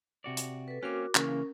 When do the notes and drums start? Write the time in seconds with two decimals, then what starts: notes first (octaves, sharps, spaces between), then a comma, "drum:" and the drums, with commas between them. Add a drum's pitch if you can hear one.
0.24 C3 F#4 D5
0.37 drum: hi-hat
0.68 A4 B4
0.83 A#3 C4 C#4 F#4 A#4 D6
1.15 C#3 E3 A#3 C#4 A#4, drum: clap